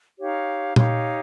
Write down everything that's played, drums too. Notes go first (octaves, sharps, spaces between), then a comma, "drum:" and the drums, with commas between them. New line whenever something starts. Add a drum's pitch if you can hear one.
D#4 G4 C#5 F5
D#4 G4 C#5 F5, drum: tom